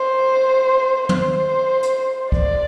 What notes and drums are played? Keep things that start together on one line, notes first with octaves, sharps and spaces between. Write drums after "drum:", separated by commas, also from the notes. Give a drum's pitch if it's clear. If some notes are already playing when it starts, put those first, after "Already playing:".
Already playing: C5
C5, drum: tom
drum: hi-hat
D5, drum: kick